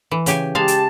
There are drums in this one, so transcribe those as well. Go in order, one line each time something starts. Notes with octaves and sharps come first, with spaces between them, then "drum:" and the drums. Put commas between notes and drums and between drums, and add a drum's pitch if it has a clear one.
E3
C#3 G4 G#5, drum: hi-hat
G#3 G4 F5 A5
drum: hi-hat